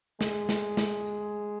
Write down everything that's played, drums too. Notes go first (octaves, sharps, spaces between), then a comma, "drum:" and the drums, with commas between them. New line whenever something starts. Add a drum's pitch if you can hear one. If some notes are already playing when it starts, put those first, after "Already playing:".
G#3, drum: snare
drum: snare
drum: snare
drum: tambourine